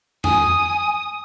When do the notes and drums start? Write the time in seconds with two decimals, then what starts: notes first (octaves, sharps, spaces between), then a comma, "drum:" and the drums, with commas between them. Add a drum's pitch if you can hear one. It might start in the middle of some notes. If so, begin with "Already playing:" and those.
0.24 G#5 D#6, drum: tom F2